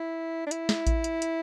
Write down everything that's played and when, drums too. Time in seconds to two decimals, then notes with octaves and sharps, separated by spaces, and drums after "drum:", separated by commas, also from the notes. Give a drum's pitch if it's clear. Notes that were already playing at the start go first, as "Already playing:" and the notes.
Already playing: E4
0.47 D4
0.51 E4, drum: hi-hat
0.69 drum: snare
0.87 drum: kick A1, hi-hat
1.04 drum: hi-hat
1.22 drum: hi-hat